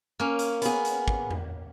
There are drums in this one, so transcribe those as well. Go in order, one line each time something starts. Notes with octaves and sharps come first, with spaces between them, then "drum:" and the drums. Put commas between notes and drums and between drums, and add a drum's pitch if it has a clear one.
A#3 C#4
drum: hi-hat
B3 G#4, drum: hi-hat
drum: hi-hat
drum: kick
drum: tom E2